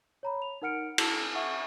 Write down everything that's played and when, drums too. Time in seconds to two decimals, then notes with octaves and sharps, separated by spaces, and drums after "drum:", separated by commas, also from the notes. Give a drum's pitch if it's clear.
0.23 C#5 A#5 B5
0.42 F7
0.62 D#4 A#4 F#5 F6 C#7 D7
0.98 E4 A5 E6 C#7 D7, drum: cymbal
1.35 E5 F#5 C#6